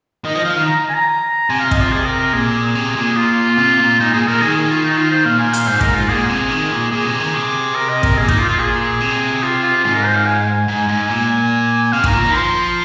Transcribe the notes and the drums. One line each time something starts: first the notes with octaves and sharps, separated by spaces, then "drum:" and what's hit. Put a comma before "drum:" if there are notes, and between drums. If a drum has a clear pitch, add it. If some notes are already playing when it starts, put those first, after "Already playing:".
D#3 D#5
F3 D#5
F3 F5
D#3 F5
A#5
G#5
A#5
C3 G#5
F5
D#5, drum: kick
F4
G#4
A#4
A#4
A#2 G#4
C3
A#2
F4
C3
A#2
A#2 D#4
A#2 G#4
A#2 A#4
D#3 G#4
G#4
F4
D#4
F4
C5
A#2 F5
G#5
F5, drum: hi-hat
G#2 C5
A#4, drum: kick
F4
A#2 G#4
C3
D#3
A#2
A#2 G#4
C3
D#3
C3
A#4
D#5
A#4, drum: kick
A#2 G#4
D#4, drum: kick
F4
F4
G#4
C3
F4
F4
G#2 F4
A#4
C5
F5
G#5
G#2
G#2
A#2
C3 F5
D#3 A#5, drum: kick
A#2
D#3 A#5
F3 C6